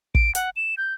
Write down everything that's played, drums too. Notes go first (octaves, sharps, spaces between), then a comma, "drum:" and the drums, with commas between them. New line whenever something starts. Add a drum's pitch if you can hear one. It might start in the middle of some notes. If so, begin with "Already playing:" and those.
D7, drum: kick
F#5, drum: hi-hat
E7
G6